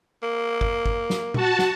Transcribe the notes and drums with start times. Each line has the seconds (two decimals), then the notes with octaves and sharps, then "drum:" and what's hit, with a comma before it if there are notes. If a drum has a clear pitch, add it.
0.23 A#3
0.61 drum: kick
0.86 drum: kick
1.10 drum: snare
1.34 F#4 A5, drum: tom A#2
1.59 drum: snare